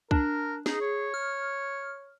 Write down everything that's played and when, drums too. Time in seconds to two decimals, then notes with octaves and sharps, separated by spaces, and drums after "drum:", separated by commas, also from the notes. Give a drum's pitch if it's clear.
0.11 D4 A#4, drum: kick
0.66 D#4 G#4, drum: snare
0.81 C#5
1.14 F6